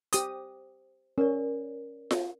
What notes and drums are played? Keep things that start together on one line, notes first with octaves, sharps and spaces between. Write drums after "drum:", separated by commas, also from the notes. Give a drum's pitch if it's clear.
G4 C5 D#6, drum: hi-hat
C#4 A#4 C#5 D5
drum: snare F4